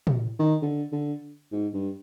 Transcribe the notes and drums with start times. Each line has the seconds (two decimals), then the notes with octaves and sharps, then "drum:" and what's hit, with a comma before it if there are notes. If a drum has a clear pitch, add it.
0.07 drum: tom
0.39 D#3
0.62 D3
0.92 D3
1.52 G#2
1.74 G2